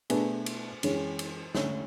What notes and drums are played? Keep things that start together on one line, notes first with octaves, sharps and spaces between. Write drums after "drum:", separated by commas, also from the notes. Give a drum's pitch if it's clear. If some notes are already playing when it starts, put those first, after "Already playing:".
B2 A3 D4 G#4 B4, drum: cymbal
drum: cymbal
F#2 E3 G#3 C#4, drum: cymbal
drum: cymbal
D3 A3 C#4, drum: snare